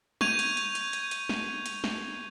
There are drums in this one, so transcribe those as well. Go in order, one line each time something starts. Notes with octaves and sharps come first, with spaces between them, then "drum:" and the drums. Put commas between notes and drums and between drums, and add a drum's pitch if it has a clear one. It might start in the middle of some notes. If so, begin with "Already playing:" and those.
C#6 G6 G#6 D#7 F7, drum: snare
drum: hi-hat
drum: hi-hat
drum: hi-hat
drum: hi-hat
drum: hi-hat
drum: snare
drum: hi-hat
drum: snare